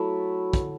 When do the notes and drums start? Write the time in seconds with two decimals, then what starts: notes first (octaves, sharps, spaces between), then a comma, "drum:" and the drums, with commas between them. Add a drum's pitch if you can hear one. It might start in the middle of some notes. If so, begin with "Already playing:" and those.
Already playing: F#3 A3 E4
0.53 drum: kick, hi-hat